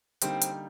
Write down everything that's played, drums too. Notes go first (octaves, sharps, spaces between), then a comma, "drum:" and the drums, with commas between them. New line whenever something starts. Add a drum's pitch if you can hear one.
D3 G3 A#3 C4 D#4, drum: hi-hat
drum: hi-hat